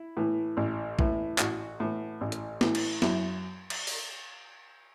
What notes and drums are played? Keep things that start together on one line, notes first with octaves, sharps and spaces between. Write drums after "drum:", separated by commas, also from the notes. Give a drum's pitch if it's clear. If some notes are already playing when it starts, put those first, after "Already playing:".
Already playing: E4
A2 E3
A1
A2 E3, drum: kick A1
A1 F#4, drum: clap
A2 E3
A1
drum: hi-hat
A2 E3, drum: snare
drum: cymbal
F#2 E4, drum: snare
drum: cymbal
drum: open hi-hat